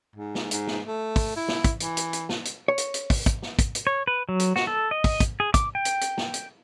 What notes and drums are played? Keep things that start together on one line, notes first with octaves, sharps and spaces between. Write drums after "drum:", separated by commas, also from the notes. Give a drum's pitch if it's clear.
G#2
drum: snare
G#2, drum: hi-hat
drum: snare
A3
drum: kick, open hi-hat
E4
drum: snare
drum: kick, hi-hat
E3, drum: hi-hat
drum: hi-hat
drum: hi-hat
drum: snare
drum: hi-hat
C#5
drum: hi-hat
drum: hi-hat
drum: kick, open hi-hat
drum: kick, hi-hat
drum: snare
drum: kick, hi-hat
drum: hi-hat
C#5
B4
F#3
drum: hi-hat
F#4, drum: snare
A4
D#5
drum: kick, open hi-hat
drum: kick, hi-hat
G#4
D6, drum: kick, hi-hat
G5
drum: hi-hat
drum: hi-hat
drum: snare
drum: hi-hat